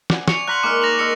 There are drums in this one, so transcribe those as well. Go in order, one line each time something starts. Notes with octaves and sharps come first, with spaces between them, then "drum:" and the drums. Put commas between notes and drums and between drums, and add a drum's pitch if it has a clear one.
D5 F#5 G#5, drum: snare
C#6 C#7 F7, drum: snare
F5 A#5 C6 F#6 B6 F#7
G#3 A#3 D#4 D6 F6
A#6 F7 F#7
G#4 A#4 D#5 C#6 E6 C#7